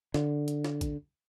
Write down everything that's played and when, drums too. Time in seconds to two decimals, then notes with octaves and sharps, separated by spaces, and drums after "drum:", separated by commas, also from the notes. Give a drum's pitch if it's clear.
0.14 D3, drum: snare
0.48 drum: hi-hat
0.64 drum: snare
0.81 drum: kick, hi-hat